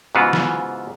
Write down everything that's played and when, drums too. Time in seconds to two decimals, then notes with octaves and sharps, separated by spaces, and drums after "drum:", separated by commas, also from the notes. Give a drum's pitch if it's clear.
0.15 G#2 C#3 E3 B3 F4 F#4
0.33 drum: snare